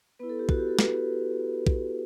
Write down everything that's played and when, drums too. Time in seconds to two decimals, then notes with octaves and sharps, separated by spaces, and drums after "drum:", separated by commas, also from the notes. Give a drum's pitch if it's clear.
0.19 B3 E4 B4
0.29 A4
0.39 G4
0.49 F#4, drum: kick
0.59 G4
0.68 A4
0.79 B4, drum: snare
1.67 drum: kick